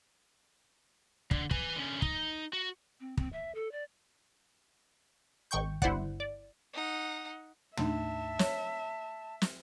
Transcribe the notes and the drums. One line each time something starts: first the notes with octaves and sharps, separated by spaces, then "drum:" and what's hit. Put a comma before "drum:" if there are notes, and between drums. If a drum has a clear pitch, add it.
D3, drum: kick
B4 G#5, drum: kick
D3 C#4
D#4, drum: kick
F#4
C4
C4, drum: kick
E5
A4
D5
G#1 D#3 G5 C#6 G6
G1 E4 C5 D5 F#5, drum: kick
D5
D#4 F#5
A3 D4 D#4 E5 A5, drum: tom
C#5, drum: snare
drum: snare